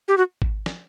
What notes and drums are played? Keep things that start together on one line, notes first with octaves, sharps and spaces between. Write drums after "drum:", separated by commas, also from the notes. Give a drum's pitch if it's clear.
G4
F#4
drum: kick G#1
drum: snare